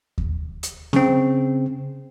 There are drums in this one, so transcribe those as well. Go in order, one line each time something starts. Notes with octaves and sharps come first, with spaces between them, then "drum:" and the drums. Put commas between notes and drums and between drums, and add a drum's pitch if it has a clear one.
drum: kick D#2
drum: hi-hat
C#3 C4, drum: snare C4